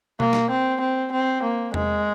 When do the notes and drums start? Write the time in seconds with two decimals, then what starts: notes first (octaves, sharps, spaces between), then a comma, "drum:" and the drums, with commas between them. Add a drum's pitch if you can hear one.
0.20 A#3, drum: tom B2
0.33 drum: snare
0.50 C4
0.81 C4
1.12 C4
1.43 A#3
1.74 G#3, drum: tom E2